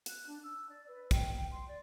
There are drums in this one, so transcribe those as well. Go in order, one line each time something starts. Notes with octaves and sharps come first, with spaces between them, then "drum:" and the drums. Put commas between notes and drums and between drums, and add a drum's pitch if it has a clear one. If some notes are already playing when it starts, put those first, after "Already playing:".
F#6, drum: hi-hat
D4
E6
D5
B4
G5, drum: kick, hi-hat
G5
C6
D5